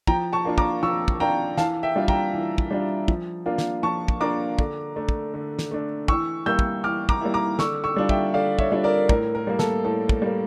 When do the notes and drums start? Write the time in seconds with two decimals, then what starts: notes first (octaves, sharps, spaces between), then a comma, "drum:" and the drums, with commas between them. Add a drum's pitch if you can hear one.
0.07 F3 G5 A#5, drum: kick
0.33 A5 C#6
0.45 A#3 D4 F4
0.58 A#5 D6, drum: kick
0.83 F3 C#6 E6
1.08 drum: kick
1.20 A#3 D4 F4 G5 A#5
1.57 E3 F5 A5, drum: snare
1.83 E5 G5
1.96 G3 D4 F4
2.08 G5 A#5, drum: kick
2.33 E3
2.58 drum: kick
2.71 G3 D4 F4
3.08 F3, drum: kick
3.46 A#3 D4 F4
3.58 drum: snare
3.83 F3 A5 C#6
4.08 drum: kick
4.20 A#3 D4 F4 A#5 D6
4.59 D3, drum: kick
4.96 A3 D4
5.09 drum: kick
5.34 D3
5.59 drum: snare
5.71 A3 D4
6.08 E3 C#6 E6, drum: kick
6.46 G3 A#3 E4 E6 G6
6.59 drum: kick
6.84 E3 D6 F6
7.09 A#5 D6, drum: kick
7.21 G3 A#3 E4
7.34 A#5 D6
7.59 D3 C#6 E6, drum: snare
7.84 C#6 E6
7.96 G3 D4 F4
8.09 E5 G5, drum: kick
8.34 D3 D5 F5
8.59 C#5 E5, drum: kick
8.72 G3 D4 F4
8.84 A#4 D5
9.09 A2 A#4, drum: kick
9.35 A#4
9.47 G3 A#3
9.59 A4, drum: snare
9.85 A2 A4
10.09 drum: kick
10.22 G3 A#3